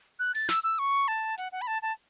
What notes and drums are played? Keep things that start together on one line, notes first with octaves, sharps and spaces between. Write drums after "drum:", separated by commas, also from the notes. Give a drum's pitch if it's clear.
F#6
A6, drum: open hi-hat
E6, drum: snare
E6
C#6
A5
F#5, drum: hi-hat
F#5
B5
A5
A5